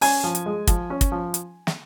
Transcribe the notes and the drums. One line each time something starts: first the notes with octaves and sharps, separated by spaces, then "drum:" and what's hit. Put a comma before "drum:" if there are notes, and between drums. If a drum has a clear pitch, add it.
C#4 G#5, drum: open hi-hat
F3
drum: hi-hat
G#3
F3, drum: kick, hi-hat
C#4
drum: kick, hi-hat
F3
drum: hi-hat
drum: snare